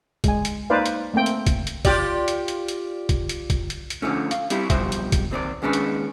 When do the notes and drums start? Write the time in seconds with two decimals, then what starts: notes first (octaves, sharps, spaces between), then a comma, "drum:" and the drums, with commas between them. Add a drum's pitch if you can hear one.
0.24 G#3 G#5, drum: kick, hi-hat
0.45 drum: hi-hat
0.70 A#3 D#4 B4 C5 D5 F5
0.86 drum: hi-hat
1.14 A3 A#3 C4 G5
1.26 drum: hi-hat
1.47 drum: kick, hi-hat
1.67 drum: hi-hat
1.85 F4 G4 D5, drum: kick, hi-hat
2.28 drum: hi-hat
2.48 drum: hi-hat
2.68 drum: hi-hat
3.09 drum: kick, hi-hat
3.29 drum: hi-hat
3.50 drum: kick, hi-hat
3.70 drum: hi-hat
3.90 drum: hi-hat
4.02 D3 E3 F3 A3 C#4
4.31 F5, drum: hi-hat
4.50 G3 C4 E4 G4, drum: hi-hat
4.70 B1 F2 G3 C5 E5, drum: kick, hi-hat
4.92 drum: hi-hat
5.12 drum: kick, hi-hat
5.31 D#2 C4 B4 D5
5.62 D#2 G#3 C#4 D4 B4
5.73 drum: hi-hat